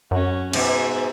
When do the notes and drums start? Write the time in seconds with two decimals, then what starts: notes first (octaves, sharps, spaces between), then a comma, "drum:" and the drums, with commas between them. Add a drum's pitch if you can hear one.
0.11 F#2 C#4 F#4
0.53 G#2 B2 E5, drum: cymbal